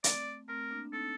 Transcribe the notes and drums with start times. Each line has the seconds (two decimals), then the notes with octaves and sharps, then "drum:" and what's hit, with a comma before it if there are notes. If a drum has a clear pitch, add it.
0.04 A3 C4 D5, drum: hi-hat
0.48 A3 C4 A#4
0.71 A#3 D4
0.85 D4
0.93 C4 D#4 A4